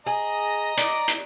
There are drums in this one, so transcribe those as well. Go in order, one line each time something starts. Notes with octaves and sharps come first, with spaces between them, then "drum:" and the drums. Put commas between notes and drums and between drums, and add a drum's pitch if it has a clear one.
G#4 D#5 A#5
D5, drum: hi-hat
drum: hi-hat